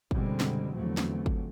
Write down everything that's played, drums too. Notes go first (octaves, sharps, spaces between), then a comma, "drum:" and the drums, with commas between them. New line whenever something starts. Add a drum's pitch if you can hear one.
F#1 B2 D3 G3 G#3 C4, drum: kick
drum: snare
E2 D3 F3 F#3 A3 C4
drum: snare
drum: kick